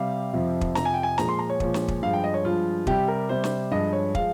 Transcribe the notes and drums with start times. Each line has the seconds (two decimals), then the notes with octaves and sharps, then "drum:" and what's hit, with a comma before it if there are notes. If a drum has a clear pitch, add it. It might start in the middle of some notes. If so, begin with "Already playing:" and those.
Already playing: C3 G3 F5
0.33 F2 C3 F3
0.61 drum: kick
0.75 F2 C3 F3 A#5, drum: snare
0.85 G#5
0.94 G5
1.03 G#5
1.18 A#2 F3 G#3 A#5, drum: snare
1.29 C6
1.39 A#5
1.50 C#5
1.60 A#2 F3 G#3, drum: kick
1.74 drum: snare
1.88 drum: kick
2.02 G2 F3 G#3 F5
2.13 G5
2.24 D#5
2.34 C#5
2.45 G2 F3 G#3 F4
2.87 C3 G3 G4, drum: kick
3.08 A#4
3.29 C3 G3 C5
3.44 drum: snare
3.71 G2 F3 G#3 D#5
3.93 C#5
4.15 F3 G#3 F5, drum: kick